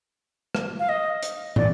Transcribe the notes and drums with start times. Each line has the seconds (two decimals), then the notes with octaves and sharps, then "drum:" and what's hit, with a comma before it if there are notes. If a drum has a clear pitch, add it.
0.55 drum: rim click
0.79 F5
0.89 D#5
1.23 drum: hi-hat
1.56 D5, drum: tom